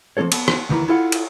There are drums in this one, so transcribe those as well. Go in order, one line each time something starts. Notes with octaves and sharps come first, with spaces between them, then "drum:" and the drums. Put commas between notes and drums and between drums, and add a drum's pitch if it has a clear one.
F3 A#3 C4 A4 C#5
B3, drum: cymbal
drum: rim click
D2 D#3 E3 A#3 A#5 B5
E4 F4 A4 F5 F#5
drum: cymbal